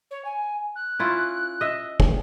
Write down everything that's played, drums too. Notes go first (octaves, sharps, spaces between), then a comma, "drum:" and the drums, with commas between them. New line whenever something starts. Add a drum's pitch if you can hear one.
C#5
G#5
F#6
C#4 E4 F4
D#5 E5
drum: kick